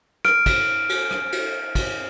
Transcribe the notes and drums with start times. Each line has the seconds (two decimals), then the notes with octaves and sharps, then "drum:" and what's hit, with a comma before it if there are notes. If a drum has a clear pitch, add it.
0.25 F6 D7, drum: rim click
0.46 drum: kick, cymbal
0.89 drum: cymbal
1.11 drum: rim click
1.32 drum: cymbal
1.75 drum: kick, cymbal